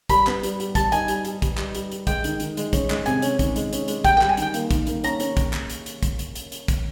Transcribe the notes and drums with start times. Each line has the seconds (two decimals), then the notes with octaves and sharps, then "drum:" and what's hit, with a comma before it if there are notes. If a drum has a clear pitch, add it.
0.09 G3 B5, drum: kick, hi-hat
0.27 B3, drum: clap
0.43 G3, drum: hi-hat
0.60 G3, drum: hi-hat
0.75 G3 A5, drum: kick, hi-hat
0.92 D#4 G#5, drum: hi-hat
1.08 G3, drum: hi-hat
1.25 G3, drum: hi-hat
1.42 G3, drum: kick, hi-hat
1.58 G3, drum: clap
1.75 G3, drum: hi-hat
1.92 G3, drum: hi-hat
2.07 G#3 G5, drum: kick, hi-hat
2.24 D#3, drum: hi-hat
2.40 D#3, drum: hi-hat
2.57 G#3, drum: hi-hat
2.73 C#4, drum: kick, hi-hat
2.90 G#3, drum: clap
3.06 C3 G#5, drum: hi-hat
3.22 C#4, drum: hi-hat
3.39 D#3, drum: kick, hi-hat
3.56 G#3, drum: hi-hat
3.73 C#4, drum: hi-hat
3.88 G#3, drum: hi-hat
4.04 G3 G5, drum: kick, hi-hat
4.17 G5
4.21 G3, drum: clap
4.29 G#5
4.37 D#3 G5, drum: hi-hat
4.54 A#3, drum: hi-hat
4.71 D#3, drum: kick, hi-hat
4.87 A#3, drum: hi-hat
5.04 C#4 A#5, drum: hi-hat
5.20 C#4, drum: hi-hat
5.37 drum: kick, hi-hat
5.53 drum: clap
5.70 drum: hi-hat
5.86 drum: hi-hat
6.03 drum: kick, hi-hat
6.19 drum: hi-hat
6.35 drum: hi-hat
6.52 drum: hi-hat
6.68 drum: kick, hi-hat